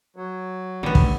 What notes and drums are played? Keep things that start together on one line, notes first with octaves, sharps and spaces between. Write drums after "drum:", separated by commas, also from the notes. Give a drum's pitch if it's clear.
F#3
A1 D3 G3 B3
drum: kick